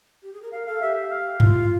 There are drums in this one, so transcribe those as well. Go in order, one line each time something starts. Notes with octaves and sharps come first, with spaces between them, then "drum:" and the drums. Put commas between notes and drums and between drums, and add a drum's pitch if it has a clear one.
G4
G#4
A#4
A#4 F5
A4 F5
G4 E5
F5
F4, drum: tom G2